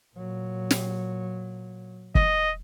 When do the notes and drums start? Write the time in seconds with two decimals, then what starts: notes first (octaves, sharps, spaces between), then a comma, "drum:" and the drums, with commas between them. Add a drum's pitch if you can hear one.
0.15 A#2 F#3
0.71 drum: snare
2.15 D#5, drum: kick